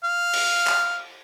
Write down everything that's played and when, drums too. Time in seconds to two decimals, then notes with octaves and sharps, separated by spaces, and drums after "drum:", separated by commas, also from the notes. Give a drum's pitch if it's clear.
0.04 F5
0.33 drum: cymbal
0.67 drum: clap